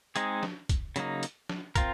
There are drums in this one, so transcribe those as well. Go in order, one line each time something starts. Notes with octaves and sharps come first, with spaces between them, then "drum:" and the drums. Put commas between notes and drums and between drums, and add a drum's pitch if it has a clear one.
G#3 C4 D#4 G#4, drum: hi-hat
drum: snare
drum: kick, hi-hat
C#3 F#3 A#3 D#4, drum: hi-hat
drum: hi-hat
drum: snare
C4 F4 A#4, drum: kick, hi-hat